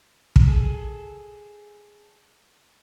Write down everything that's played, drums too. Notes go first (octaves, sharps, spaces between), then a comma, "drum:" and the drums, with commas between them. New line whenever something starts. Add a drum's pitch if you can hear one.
drum: kick
G#4 A4